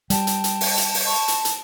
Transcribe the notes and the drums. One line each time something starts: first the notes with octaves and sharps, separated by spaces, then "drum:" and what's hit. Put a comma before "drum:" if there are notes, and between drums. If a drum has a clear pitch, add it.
G3 G5 A5, drum: hi-hat
drum: hi-hat
drum: hi-hat
drum: open hi-hat
drum: hi-hat
drum: open hi-hat
A5 C#6
drum: hi-hat
drum: hi-hat